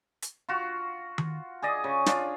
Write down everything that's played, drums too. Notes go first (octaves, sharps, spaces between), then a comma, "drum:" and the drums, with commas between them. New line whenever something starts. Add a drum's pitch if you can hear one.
drum: hi-hat
F4 F#4
drum: tom D#3
G#4 D5 D#5
C#3
D4 F4, drum: snare